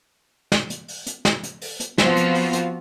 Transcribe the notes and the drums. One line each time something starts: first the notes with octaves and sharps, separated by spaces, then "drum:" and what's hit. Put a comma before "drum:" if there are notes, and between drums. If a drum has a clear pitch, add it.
drum: snare
drum: hi-hat
drum: open hi-hat
drum: hi-hat
drum: snare
drum: hi-hat
drum: open hi-hat
drum: hi-hat
F3 B3 C4 F4 F#4, drum: snare
drum: hi-hat
drum: open hi-hat
drum: hi-hat